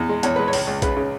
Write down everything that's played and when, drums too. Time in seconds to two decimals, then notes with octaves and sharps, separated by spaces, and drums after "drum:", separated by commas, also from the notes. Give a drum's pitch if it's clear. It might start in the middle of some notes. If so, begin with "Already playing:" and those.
Already playing: E2
0.09 G#3
0.23 E2 C#5, drum: hi-hat
0.36 G#3 B4
0.48 C#5
0.53 C#2, drum: open hi-hat
0.67 C#2
0.82 C#3 B4, drum: kick A#1, hi-hat
0.97 C#3